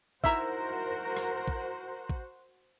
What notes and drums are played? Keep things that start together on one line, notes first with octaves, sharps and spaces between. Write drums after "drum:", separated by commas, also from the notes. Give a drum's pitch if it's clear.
D#4 E4 F#4 A#4 C5 E5 F#5 A#5, drum: kick A1
drum: rim click
drum: kick A1
drum: kick A1